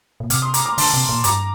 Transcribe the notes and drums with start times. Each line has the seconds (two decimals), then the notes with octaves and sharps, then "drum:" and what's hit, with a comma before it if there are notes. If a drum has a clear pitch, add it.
0.20 A#2
0.30 C3 D6 F6, drum: hi-hat
0.42 C6 D#6
0.54 A#5 D6, drum: hi-hat
0.65 A#5 D6
0.78 D3 A5 C6, drum: open hi-hat
0.93 C3
1.09 A#2
1.24 G2 A#5 D6, drum: hi-hat